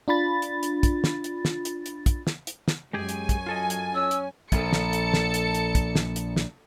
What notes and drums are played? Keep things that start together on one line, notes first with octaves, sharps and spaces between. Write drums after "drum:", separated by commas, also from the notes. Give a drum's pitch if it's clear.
D4 F4 B5 A6
drum: hi-hat
drum: hi-hat
drum: kick, hi-hat
drum: snare
drum: hi-hat
drum: snare
drum: hi-hat
drum: hi-hat
drum: kick, hi-hat
drum: snare
drum: hi-hat
drum: snare
F#2 G#3 G4 G#4 G#5
drum: hi-hat
drum: kick, hi-hat
F4 A4 D#5
drum: hi-hat
C#4 E6
drum: hi-hat
A#1 A4 A5 C#7, drum: kick, hi-hat
drum: snare
drum: hi-hat
drum: snare
drum: hi-hat
drum: hi-hat
drum: kick, hi-hat
drum: snare
drum: hi-hat
drum: snare